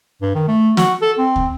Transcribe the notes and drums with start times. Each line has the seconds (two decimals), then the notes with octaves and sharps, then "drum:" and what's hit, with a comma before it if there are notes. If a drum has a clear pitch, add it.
0.22 G2
0.35 D#3
0.48 A3
0.77 F#4, drum: snare
1.02 A4
1.18 C4
1.36 drum: kick